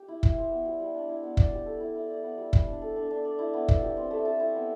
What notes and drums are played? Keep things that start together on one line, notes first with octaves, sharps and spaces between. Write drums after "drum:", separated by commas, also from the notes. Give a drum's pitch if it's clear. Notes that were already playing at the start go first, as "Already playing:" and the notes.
Already playing: G4
E4
E4, drum: kick
C5
B3
G3
G3
D4
E4
B3
D5, drum: kick
G4
A4
E4
E4
D5
B3
G3
G3, drum: kick
D4
A4
D4
D4
D5
E4
B3
B3, drum: kick
G4
C4
A3
A4
E4
B3